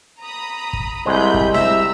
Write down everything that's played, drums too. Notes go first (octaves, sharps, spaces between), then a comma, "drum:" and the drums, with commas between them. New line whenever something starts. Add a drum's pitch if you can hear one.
A#5 B5 D#6
drum: kick
C2 G#3 C5 B5 G6
drum: kick
C2 E5 A#5 E6, drum: snare